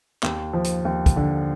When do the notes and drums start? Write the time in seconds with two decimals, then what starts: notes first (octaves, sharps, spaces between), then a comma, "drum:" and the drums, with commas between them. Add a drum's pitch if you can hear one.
0.23 D#2, drum: clap
0.53 F3
0.64 drum: hi-hat
0.85 D#2
1.06 drum: kick, hi-hat
1.16 D3